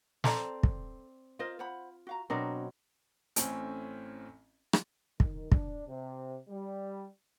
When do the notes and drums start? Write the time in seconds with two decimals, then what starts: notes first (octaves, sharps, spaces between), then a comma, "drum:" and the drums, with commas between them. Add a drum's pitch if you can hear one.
0.24 C4 A4 C5 D5 A5 A#5, drum: snare
0.63 drum: kick
1.39 F4 A#4 C5 D#5
1.59 C5 F#5 B5
2.07 F#4 F5 A#5
2.30 B2 F#3 C4 D4 A#4
3.36 A1 A2 C4 C#4 G#5, drum: hi-hat
4.73 drum: rim click
5.20 D#3, drum: kick
5.52 D4, drum: kick
5.88 C3
6.48 G3